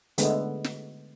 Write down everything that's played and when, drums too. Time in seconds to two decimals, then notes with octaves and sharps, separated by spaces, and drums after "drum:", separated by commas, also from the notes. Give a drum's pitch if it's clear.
0.18 D3 G#3 A3 B3, drum: hi-hat
0.64 drum: snare